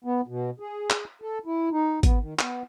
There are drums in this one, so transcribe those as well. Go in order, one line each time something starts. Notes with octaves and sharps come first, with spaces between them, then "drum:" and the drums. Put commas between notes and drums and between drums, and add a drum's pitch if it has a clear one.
B3
B2
G#4
drum: clap
A4
E4
D#4
B3, drum: kick, hi-hat
D#3
B3, drum: clap